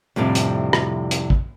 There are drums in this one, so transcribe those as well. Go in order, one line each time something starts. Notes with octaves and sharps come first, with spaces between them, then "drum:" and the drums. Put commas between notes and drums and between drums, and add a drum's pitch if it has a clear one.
F2 A2 C3 G3 D4
drum: hi-hat
drum: rim click
drum: hi-hat
drum: kick